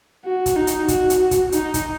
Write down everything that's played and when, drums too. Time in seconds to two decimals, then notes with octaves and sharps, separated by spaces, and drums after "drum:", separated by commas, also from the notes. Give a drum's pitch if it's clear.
0.25 F#4
0.46 drum: kick, hi-hat
0.56 D#4
0.67 drum: hi-hat
0.88 F#4, drum: kick, hi-hat
1.10 drum: hi-hat
1.31 drum: kick, hi-hat
1.52 D#4, drum: hi-hat
1.74 drum: kick, hi-hat